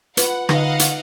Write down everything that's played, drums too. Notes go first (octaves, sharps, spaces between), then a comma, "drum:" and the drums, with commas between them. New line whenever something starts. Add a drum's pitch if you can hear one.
F4 B4 F#5, drum: hi-hat
D3 D#4 B4 D#5 F5 F#5 A#6, drum: rim click
drum: hi-hat